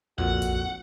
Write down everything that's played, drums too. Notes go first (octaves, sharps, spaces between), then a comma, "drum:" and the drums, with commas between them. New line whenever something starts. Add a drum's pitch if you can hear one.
F2 A#2 F#4 F#5, drum: kick
drum: kick, hi-hat